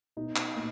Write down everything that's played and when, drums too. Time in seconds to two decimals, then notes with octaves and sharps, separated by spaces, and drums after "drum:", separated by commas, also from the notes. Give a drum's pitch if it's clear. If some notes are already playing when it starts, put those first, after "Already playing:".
0.17 B2 D#4
0.36 drum: clap
0.56 A#2